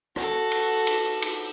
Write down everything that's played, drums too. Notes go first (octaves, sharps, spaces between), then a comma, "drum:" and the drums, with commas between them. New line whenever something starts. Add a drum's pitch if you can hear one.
F#4 A4, drum: rim click
drum: cymbal
drum: cymbal
drum: cymbal